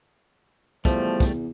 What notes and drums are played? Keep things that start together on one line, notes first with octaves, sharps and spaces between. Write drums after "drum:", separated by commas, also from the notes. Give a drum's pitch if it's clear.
E2 F3 G3 A3, drum: kick
drum: kick